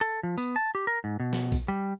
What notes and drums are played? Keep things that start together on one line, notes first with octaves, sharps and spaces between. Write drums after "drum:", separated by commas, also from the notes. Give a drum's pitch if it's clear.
A4
F3
B3, drum: tambourine
A5
G4
A#4
G#2
B2
drum: snare
drum: kick, tambourine
G3